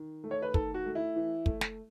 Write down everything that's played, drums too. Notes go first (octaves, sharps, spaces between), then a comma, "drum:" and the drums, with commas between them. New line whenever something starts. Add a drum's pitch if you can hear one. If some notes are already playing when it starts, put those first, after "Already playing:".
Already playing: D#3
A3
C#5
B4
D#3 A4, drum: kick
F#4
A3
E4
E3
A3, drum: kick
drum: snare